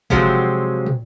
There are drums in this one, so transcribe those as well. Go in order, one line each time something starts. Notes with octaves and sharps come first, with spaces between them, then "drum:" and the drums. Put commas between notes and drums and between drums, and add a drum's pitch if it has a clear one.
C3 F3 F#3 G#3 C4, drum: kick
drum: tom